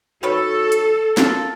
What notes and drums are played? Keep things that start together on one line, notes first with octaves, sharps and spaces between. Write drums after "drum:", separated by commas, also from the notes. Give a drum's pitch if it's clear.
D#3 F#4 A4 B4 C#5
drum: hi-hat
A#3 F4 A4 A5, drum: snare